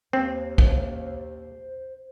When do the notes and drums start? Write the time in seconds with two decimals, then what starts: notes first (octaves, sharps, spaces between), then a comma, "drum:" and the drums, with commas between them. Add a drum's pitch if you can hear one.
0.13 D#2 C4 C5
0.58 drum: kick